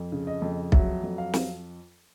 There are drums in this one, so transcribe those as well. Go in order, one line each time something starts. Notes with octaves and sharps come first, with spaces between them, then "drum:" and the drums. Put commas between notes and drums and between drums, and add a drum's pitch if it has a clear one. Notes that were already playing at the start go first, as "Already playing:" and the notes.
Already playing: F2
C#3
D#5
F2
F#3 E5, drum: kick B1
F2
F5
drum: snare